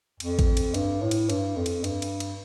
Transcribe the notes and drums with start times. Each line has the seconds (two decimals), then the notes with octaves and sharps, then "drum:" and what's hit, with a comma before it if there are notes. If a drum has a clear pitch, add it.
0.20 F2, drum: cymbal
0.39 drum: kick A1, cymbal
0.57 drum: cymbal
0.74 G2, drum: cymbal
1.02 A2
1.11 drum: cymbal
1.30 G2, drum: cymbal
1.57 F2
1.66 drum: cymbal
1.84 G2, drum: cymbal
2.02 drum: cymbal
2.20 drum: cymbal